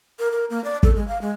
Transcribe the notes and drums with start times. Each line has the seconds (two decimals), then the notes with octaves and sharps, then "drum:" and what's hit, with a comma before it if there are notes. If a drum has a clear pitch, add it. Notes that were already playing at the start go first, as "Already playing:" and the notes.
0.19 A#4
0.32 A#4
0.50 A#3
0.64 D5
0.83 A4, drum: kick
0.95 G#3
1.08 F5
1.21 G#3